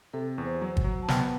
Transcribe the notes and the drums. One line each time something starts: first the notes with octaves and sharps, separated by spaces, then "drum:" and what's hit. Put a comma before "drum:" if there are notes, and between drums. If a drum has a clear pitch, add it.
C3 A4
E2
C5
F#3
C5, drum: kick
F#3
A5
B3 G5, drum: snare